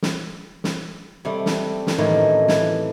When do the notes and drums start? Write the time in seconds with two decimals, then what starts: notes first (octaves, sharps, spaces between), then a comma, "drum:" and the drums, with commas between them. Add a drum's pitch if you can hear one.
0.02 drum: snare
0.64 drum: snare
1.25 C3 G3 A3
1.46 drum: snare
1.87 drum: snare
1.98 F#2 A2 C3 D#3 E3
2.48 E3, drum: snare